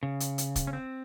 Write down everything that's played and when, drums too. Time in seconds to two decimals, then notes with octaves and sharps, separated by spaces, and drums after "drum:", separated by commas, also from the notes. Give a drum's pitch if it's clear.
0.03 C#3
0.20 drum: hi-hat
0.38 drum: hi-hat
0.56 drum: kick, hi-hat
0.67 C#4
0.73 C4